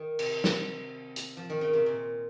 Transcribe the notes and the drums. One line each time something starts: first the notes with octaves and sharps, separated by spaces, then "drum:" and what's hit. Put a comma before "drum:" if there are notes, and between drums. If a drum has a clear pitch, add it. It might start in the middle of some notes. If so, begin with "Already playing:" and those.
Already playing: D#3
C3, drum: cymbal
drum: snare
drum: hi-hat
F3
D#3
C#3
C3
A#2